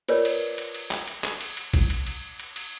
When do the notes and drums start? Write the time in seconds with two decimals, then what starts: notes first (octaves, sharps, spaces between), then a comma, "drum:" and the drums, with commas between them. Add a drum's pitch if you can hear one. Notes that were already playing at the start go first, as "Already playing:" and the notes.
0.08 F4 A#4 B4 C#5 D5, drum: cymbal
0.25 drum: cymbal
0.58 drum: cymbal
0.74 drum: cymbal
0.91 drum: clap
1.08 drum: cymbal
1.24 drum: clap
1.41 drum: cymbal
1.57 drum: cymbal
1.74 drum: kick A1, cymbal
1.90 drum: cymbal
2.07 drum: cymbal
2.40 drum: cymbal
2.56 drum: cymbal